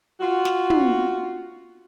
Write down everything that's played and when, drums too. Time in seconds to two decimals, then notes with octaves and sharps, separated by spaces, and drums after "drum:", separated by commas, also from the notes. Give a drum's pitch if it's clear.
0.20 F4 F#4
0.45 drum: snare
0.70 drum: tom